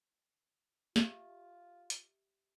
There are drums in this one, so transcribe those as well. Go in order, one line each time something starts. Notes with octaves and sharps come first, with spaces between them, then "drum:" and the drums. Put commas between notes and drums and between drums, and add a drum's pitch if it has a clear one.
F4 G4 E5, drum: snare
drum: hi-hat